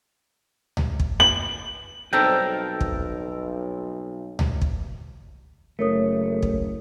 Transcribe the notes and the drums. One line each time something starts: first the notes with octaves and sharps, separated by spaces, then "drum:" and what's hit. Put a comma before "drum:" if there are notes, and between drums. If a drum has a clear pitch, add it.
drum: tom C#2
drum: kick
F#7
B1 G3 C4 D#4 A4 A#4 G5
drum: kick
drum: tom C#2
drum: kick
F#1 A3 A#4 C#5 D#6
drum: kick